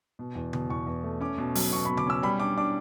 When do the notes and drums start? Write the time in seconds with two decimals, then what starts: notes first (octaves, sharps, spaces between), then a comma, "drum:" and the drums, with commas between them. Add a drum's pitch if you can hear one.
0.19 B2
0.35 E2
0.53 B2, drum: tom C#3
0.70 E2 C#6
0.87 E2
1.04 A3
1.21 C#4 D6
1.38 B2
1.55 F#3, drum: open hi-hat
1.73 B2 C#6
1.85 B5
1.89 B2
1.97 D6, drum: tom C#3
2.07 C#4 E6
2.23 G3 B5
2.40 D4 D6
2.57 D4 D6